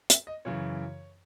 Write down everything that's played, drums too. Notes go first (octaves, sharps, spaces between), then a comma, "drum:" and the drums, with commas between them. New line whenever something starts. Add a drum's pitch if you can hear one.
E5, drum: hi-hat
D#5
F#2 C#3 E3 C#5